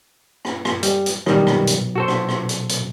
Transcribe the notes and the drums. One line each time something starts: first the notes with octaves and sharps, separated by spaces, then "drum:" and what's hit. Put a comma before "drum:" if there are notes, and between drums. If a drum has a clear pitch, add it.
drum: rim click
drum: rim click
G3, drum: hi-hat
drum: hi-hat
B2 D#3 F#3 G3, drum: rim click
drum: rim click
drum: hi-hat
F#4 A4 C5
drum: rim click
drum: rim click
drum: hi-hat
drum: hi-hat